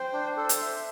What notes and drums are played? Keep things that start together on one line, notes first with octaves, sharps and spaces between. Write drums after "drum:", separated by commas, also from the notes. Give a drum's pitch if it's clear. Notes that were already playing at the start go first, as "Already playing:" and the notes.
Already playing: C5 G5
D4
A4
drum: hi-hat
E5